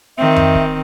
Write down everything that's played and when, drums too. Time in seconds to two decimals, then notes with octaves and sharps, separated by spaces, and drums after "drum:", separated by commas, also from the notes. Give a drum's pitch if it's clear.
0.18 D#3 C4 E5
0.36 drum: tom F2
0.55 drum: kick